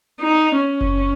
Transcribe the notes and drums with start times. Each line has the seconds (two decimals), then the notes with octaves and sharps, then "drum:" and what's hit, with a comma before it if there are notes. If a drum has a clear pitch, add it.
0.21 D#4
0.61 C#4
0.81 drum: kick F#1